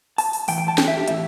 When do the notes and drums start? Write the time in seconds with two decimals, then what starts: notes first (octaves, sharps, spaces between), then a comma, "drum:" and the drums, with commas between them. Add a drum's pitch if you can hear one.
0.18 A5, drum: open hi-hat
0.33 drum: open hi-hat
0.48 A2 E3 G5, drum: open hi-hat
0.58 G5
0.68 A5
0.78 G5, drum: snare
0.88 E5
0.97 G4
1.08 A2 E3 E5, drum: hi-hat